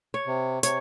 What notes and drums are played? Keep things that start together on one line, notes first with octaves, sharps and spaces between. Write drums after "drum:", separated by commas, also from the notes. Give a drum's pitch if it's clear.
C#5
C3
C3 C#5, drum: hi-hat